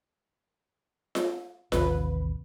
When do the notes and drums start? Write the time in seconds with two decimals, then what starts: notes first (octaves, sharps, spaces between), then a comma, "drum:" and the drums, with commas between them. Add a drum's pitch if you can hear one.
1.15 drum: snare F4
1.72 A1 D#2 C3 B4, drum: snare F4